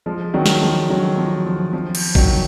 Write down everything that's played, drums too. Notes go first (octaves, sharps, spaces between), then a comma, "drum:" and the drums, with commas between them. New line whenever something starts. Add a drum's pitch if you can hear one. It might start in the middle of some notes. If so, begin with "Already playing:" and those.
F3 G#3
D#3 F#3
drum: snare
F3 G#3
D#3 F#3
F3
F3
F3
drum: cymbal
D#3 F#3, drum: kick G1